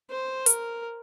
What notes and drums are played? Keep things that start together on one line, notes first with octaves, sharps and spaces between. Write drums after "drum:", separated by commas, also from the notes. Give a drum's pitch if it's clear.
C5
A#4, drum: hi-hat